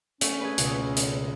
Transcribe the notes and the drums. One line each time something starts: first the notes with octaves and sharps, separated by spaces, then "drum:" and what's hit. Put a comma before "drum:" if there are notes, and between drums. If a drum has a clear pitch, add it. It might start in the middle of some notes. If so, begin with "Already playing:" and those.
A3 C#4, drum: hi-hat
G#4 B4
C#2 B2, drum: hi-hat
drum: hi-hat